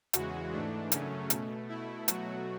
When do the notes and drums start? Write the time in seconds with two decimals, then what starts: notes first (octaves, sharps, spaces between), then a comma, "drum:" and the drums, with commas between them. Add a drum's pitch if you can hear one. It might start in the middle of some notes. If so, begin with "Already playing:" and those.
0.13 E2 C#3 E3 G#3 F#4, drum: hi-hat
0.52 G#2 E3 A3 D4
0.92 F#2 C#3 F#3 A3 C#4, drum: hi-hat
1.30 B2 A3, drum: hi-hat
1.69 B2 A3 E4
2.08 B2 F#3 A3 F#4, drum: hi-hat